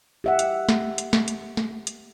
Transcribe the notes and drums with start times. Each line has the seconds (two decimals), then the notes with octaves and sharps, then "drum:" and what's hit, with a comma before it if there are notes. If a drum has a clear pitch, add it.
0.24 G4 E5 F#5
0.39 drum: hi-hat
0.69 drum: snare
0.98 drum: hi-hat
1.13 drum: snare
1.28 drum: hi-hat
1.57 drum: snare
1.87 drum: hi-hat